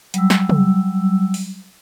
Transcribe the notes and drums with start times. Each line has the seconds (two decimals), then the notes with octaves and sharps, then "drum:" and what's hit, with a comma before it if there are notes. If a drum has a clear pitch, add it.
0.14 F#3 G3 E6, drum: hi-hat
0.30 drum: snare
0.49 drum: tom
1.34 drum: open hi-hat